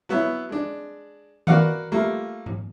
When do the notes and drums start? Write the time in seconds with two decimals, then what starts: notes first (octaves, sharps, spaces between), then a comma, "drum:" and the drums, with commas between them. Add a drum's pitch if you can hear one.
0.09 F#3 B3 E4
0.49 G#3 D4
1.47 F#4 A#4 B4 D5 F5 F#5, drum: tom D#3
1.92 G3 A3 A#3 F4
2.46 drum: tom G#2